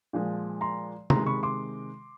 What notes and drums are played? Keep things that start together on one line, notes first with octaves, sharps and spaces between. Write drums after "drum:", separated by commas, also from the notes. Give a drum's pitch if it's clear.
A#2 F3 G#3
A#5 C6
C3 D#3 G#3 A#5 C6, drum: tom
B5 C#6
C6 D6